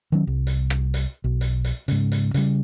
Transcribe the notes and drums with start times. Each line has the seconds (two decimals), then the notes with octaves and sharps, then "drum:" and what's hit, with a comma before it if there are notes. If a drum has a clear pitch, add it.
0.12 D#3 F#3 C#4
0.27 C2
0.47 drum: hi-hat
0.70 drum: rim click
0.94 drum: hi-hat
1.24 B1
1.41 drum: hi-hat
1.64 drum: hi-hat
1.88 G#2 C#3, drum: hi-hat
2.12 drum: hi-hat
2.34 C#3 G3, drum: hi-hat